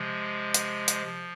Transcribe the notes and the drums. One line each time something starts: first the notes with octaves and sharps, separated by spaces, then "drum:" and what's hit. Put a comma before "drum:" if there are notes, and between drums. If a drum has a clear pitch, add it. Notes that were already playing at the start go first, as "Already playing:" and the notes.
Already playing: C3 F3 G#3
drum: hi-hat
drum: hi-hat
F3